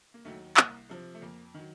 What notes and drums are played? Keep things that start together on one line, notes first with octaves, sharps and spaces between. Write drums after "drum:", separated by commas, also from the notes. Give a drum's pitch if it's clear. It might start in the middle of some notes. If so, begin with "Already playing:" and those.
A#3
D#2 D#3 F#3 A3
C2 A#3, drum: clap
C3 F3
A3
F2 A#3
D#3 F#3